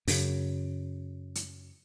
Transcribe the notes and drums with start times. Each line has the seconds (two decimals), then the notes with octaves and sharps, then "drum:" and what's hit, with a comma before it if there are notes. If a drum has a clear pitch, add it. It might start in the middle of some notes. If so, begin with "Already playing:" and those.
0.08 F#2 C#3, drum: open hi-hat
1.35 drum: hi-hat